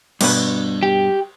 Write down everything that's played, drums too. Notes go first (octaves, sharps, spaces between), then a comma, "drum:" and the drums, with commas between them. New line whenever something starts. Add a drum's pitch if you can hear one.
G2 B2 B4, drum: cymbal
G4